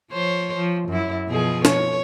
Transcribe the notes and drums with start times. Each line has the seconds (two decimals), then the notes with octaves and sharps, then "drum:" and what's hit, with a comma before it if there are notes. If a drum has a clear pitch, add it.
0.11 F3 C5 C#5
0.55 F3
0.89 F#2 E4
1.28 B2 F3 G#4
1.65 C#5, drum: snare